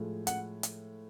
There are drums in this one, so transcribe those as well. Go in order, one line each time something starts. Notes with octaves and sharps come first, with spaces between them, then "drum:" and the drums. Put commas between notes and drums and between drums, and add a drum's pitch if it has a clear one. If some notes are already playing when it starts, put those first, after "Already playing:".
Already playing: A2 F3 G#3
F#5, drum: hi-hat
drum: hi-hat